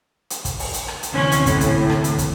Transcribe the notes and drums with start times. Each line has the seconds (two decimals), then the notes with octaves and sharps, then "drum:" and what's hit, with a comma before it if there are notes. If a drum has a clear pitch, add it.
0.30 drum: hi-hat
0.45 drum: kick, hi-hat
0.59 drum: open hi-hat
0.74 drum: hi-hat
0.88 drum: rim click
1.03 drum: hi-hat
1.13 D2 C3 E3 C#4
1.32 drum: hi-hat
1.46 A2, drum: kick, hi-hat
1.61 drum: hi-hat
1.89 drum: rim click
2.04 drum: hi-hat
2.18 drum: kick, hi-hat